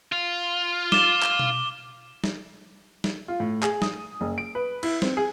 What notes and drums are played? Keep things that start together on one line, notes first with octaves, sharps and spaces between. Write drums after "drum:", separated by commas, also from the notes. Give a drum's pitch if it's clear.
F4
D6 E7 G7, drum: snare
drum: clap
drum: tom B2
drum: snare
drum: snare
F4
A2
G#4, drum: clap
D#6, drum: snare
F#1
D7
B4
E4, drum: cymbal
C4, drum: snare
G#4